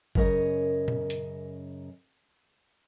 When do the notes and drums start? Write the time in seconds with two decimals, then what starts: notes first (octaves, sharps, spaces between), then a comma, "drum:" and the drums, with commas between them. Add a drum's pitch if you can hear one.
0.15 F#2 C#3 A#4 C#5 D#5, drum: kick
0.88 drum: tom
1.10 drum: hi-hat